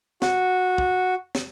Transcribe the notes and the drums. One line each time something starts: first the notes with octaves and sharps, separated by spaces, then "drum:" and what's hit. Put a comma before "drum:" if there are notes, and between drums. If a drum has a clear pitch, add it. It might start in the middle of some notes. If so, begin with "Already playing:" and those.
F#4, drum: snare
drum: kick
drum: snare